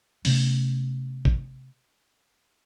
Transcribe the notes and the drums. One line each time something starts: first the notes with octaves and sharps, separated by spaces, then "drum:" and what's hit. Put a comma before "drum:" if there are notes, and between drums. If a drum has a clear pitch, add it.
C3 A3 B3 C#4, drum: open hi-hat
drum: kick G#1